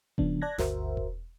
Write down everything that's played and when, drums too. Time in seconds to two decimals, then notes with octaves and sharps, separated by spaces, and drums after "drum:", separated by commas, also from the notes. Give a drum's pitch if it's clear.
0.18 C#3 F3 B3 D4, drum: kick E1
0.42 D5 A5 F#6 G#6 A#6
0.58 G1 D2 F#4 A#4 C5 E5, drum: snare
0.97 drum: kick E1